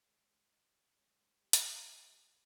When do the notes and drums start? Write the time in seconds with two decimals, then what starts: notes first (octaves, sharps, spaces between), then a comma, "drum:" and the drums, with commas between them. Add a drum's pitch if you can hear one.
0.07 C#3 G#3 C4
0.52 D#4 D#5
0.74 C#4 C#5
0.96 C#3 G#3 C4 C#4 C#5
1.19 C4 C5
1.42 G3 G4
1.53 drum: hi-hat
1.64 D#4
1.86 C#3 G3 C4 F4
2.09 G3 G4